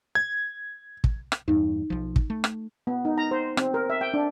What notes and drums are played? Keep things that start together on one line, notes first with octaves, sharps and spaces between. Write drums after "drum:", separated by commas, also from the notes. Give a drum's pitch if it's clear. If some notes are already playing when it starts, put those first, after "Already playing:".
G#6
drum: kick
drum: rim click
E2 G2 D#4
B1 F3
drum: kick
A3
drum: rim click
B3
D#4
A#5
C5
C4, drum: rim click
A#4
E5
G5
D4